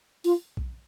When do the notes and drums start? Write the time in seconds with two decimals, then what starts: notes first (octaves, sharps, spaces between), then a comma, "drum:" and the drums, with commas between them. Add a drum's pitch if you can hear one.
0.24 F4, drum: open hi-hat
0.57 drum: kick A#1